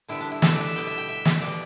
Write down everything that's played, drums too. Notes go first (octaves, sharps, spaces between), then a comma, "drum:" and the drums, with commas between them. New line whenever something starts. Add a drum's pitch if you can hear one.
D3 G3 B3 E4
D4
E4
A4, drum: snare
B4
D5
E5
B2 G3 B3 G5
E5
G5
E5
drum: snare
B2 G3 B3 D5